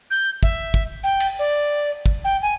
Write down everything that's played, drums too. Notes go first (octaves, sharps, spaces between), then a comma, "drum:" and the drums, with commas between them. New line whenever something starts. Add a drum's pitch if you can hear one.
G6
E5, drum: kick
drum: kick
G5
drum: cymbal
D5
drum: kick
G5
G#5